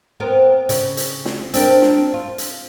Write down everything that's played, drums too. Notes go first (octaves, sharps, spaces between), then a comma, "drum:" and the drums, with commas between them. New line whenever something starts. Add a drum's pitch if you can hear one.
B3 C4 A#4
C#3, drum: hi-hat
drum: hi-hat
drum: snare
C4 D4 A#4, drum: hi-hat
drum: snare
F4
drum: hi-hat